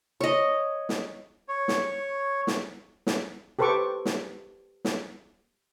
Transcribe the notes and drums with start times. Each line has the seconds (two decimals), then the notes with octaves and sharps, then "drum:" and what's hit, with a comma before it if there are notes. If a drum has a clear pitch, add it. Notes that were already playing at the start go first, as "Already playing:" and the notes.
0.21 C#5 D#5
0.89 drum: snare
1.48 C#5
1.68 drum: snare
2.47 drum: snare
3.07 drum: snare
3.59 G4 A4 B4 C5 C#6 D6
4.05 drum: snare
4.85 drum: snare